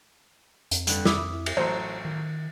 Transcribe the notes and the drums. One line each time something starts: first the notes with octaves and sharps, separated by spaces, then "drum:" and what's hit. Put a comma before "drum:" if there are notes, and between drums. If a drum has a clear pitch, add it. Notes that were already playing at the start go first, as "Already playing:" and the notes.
F2, drum: hi-hat
G2 D3, drum: hi-hat
E4 E5 D6 D#6, drum: snare
drum: cymbal
A1 F#3 C5 A#5
D#3